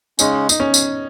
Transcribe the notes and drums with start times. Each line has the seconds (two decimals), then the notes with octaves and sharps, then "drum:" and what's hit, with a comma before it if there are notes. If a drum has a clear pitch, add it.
0.19 C#3 G#3 C#4 D#4, drum: tambourine
0.49 D#4, drum: tambourine
0.60 C#4
0.74 drum: tambourine